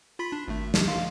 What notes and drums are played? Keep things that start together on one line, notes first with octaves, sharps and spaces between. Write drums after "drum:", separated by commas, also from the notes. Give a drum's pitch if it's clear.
F4 B5 B6
D4
G#1 A3
D4 G4, drum: snare
F5 C6